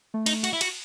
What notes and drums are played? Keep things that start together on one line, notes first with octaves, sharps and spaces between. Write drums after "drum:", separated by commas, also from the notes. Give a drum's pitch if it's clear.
A3
D#4, drum: cymbal
F#4, drum: cymbal
E4
F#4, drum: cymbal